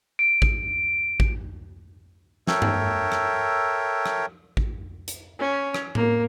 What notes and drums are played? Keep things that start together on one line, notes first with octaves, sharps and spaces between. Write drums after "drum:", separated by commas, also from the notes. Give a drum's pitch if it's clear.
D7
drum: kick A1
drum: kick A1
A4 A#4 C#5 E5 G5, drum: snare
drum: tom G2
drum: rim click
drum: rim click
drum: kick A1
drum: hi-hat
C#4
drum: rim click
A#3, drum: tom A2